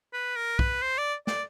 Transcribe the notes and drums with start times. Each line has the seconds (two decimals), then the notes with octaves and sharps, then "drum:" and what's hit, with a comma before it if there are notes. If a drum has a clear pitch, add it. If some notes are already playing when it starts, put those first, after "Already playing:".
0.13 B4
0.36 A#4
0.59 B4, drum: kick
0.82 C5
0.98 D5
1.27 D5, drum: snare